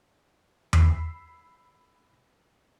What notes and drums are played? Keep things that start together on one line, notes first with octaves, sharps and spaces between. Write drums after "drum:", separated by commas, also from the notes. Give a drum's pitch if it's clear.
B5 E6 B6 C7, drum: tom E2